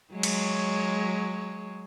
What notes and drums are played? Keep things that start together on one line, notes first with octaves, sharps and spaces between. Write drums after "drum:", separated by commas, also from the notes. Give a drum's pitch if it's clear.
F#3 G#3 C#5
drum: cymbal